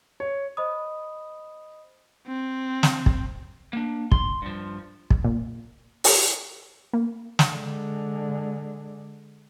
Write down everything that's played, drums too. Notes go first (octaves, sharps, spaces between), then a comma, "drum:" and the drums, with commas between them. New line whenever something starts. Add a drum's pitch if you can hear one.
C#5
C5 D#5 B5 D#6
C4
drum: snare
drum: kick
A#3 D4
C6, drum: kick
G2 F3
drum: kick
A#2
drum: open hi-hat
A#3
drum: snare
D3 G#3